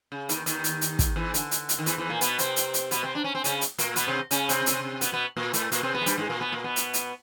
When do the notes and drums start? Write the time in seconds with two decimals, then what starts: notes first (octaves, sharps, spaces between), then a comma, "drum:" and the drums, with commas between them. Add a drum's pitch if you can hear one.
0.12 C#3
0.29 D#2 D#3, drum: hi-hat
0.46 D#2 D#3, drum: hi-hat
0.64 drum: hi-hat
0.81 drum: hi-hat
0.99 drum: kick, hi-hat
1.16 E2 E3
1.34 D3, drum: hi-hat
1.51 drum: hi-hat
1.69 drum: hi-hat
1.79 D#3
1.86 E2 E3, drum: hi-hat
1.98 E2 E3
2.09 A#2 A#3
2.21 B2 B3, drum: hi-hat
2.39 C3 C4, drum: hi-hat
2.56 drum: hi-hat
2.74 drum: hi-hat
2.91 B2 B3, drum: hi-hat
3.03 C3 C4
3.15 D4
3.24 C#4
3.35 C4
3.44 C#3 C#4, drum: hi-hat
3.61 drum: hi-hat
3.79 A#2 A#3, drum: hi-hat
3.96 B2 B3, drum: hi-hat
4.08 C3 C4
4.31 C#3 C#4, drum: hi-hat
4.49 C3 C4, drum: hi-hat
4.66 drum: hi-hat
5.01 B2 B3, drum: hi-hat
5.12 B2 B3
5.37 A#2 A#3
5.53 A2 A3, drum: hi-hat
5.72 A#2 A#3, drum: hi-hat
5.83 C3 C4
5.94 B2 B3
6.01 G#3
6.06 G2 G3, drum: hi-hat
6.18 G#2 G#3
6.29 A#2 A#3
6.41 B2 B3
6.52 A#2 A#3
6.64 B2 B3
6.76 drum: hi-hat
6.94 drum: hi-hat